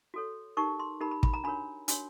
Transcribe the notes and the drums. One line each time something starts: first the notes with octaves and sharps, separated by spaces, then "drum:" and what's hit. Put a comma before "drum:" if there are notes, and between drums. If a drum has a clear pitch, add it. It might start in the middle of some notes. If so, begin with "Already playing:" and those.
F#4 A4 C#5
D#4 G4 A#4 C#6
C6
D#4 G4 A#4 B5
B5
B5, drum: kick
A#5
D4 F#4 A#4 C#5 B5
D4 F#4 A#4 C#5, drum: hi-hat